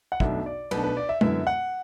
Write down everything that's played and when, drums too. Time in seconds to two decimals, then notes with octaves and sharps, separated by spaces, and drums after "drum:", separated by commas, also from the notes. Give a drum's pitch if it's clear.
0.12 F#5
0.20 B1 B2 A3 D4 E5, drum: kick
0.46 D5
0.71 B1 B2 A3 D4 B4, drum: cymbal
0.84 B4
0.97 D5
1.09 E5
1.21 F#2 D3 B3 E4 E5, drum: tom G#3
1.47 F#5